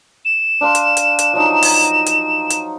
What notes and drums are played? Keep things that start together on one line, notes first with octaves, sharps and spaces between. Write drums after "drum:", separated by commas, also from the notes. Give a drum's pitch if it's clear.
E7
D4 F5 C6
drum: hi-hat
drum: hi-hat
drum: hi-hat
F3 F#3 D#4
drum: open hi-hat
A#5
drum: hi-hat
drum: hi-hat